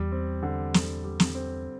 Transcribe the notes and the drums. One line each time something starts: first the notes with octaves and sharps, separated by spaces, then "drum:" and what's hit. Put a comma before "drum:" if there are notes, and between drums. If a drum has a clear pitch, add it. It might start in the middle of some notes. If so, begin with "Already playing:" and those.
Already playing: E2 G3
C4
D3
D3, drum: snare
G3
drum: snare
C4